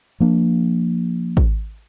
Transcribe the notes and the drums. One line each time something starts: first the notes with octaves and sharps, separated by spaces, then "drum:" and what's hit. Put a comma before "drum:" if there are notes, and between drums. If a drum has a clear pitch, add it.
F3 A#3 D4
drum: kick